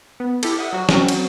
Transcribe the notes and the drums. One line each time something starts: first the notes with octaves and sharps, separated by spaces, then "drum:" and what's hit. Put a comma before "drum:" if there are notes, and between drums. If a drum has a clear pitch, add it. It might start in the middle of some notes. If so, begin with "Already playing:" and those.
B3
E4 G4 A4, drum: cymbal
E5 F#5 D#6
F#3 F#4
F#3 C4 C#4 F#4, drum: snare
drum: cymbal